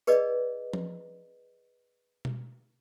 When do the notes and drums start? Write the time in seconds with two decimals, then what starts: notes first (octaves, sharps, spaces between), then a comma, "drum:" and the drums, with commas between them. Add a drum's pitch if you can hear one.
0.07 G#4 B4 D5 D#5, drum: tambourine
0.73 drum: tom F3
2.25 drum: tom B2